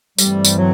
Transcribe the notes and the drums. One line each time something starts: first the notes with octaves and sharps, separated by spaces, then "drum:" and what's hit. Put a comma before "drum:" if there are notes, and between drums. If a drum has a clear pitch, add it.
G2 E3 G3 A3 C4, drum: tambourine
drum: tambourine
F#3